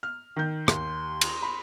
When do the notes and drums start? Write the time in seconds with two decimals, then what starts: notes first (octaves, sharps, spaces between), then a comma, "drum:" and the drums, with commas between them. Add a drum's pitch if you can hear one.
0.03 F6
0.36 D#3 G6
0.68 D#2 C6, drum: rim click
1.21 drum: cymbal
1.42 B5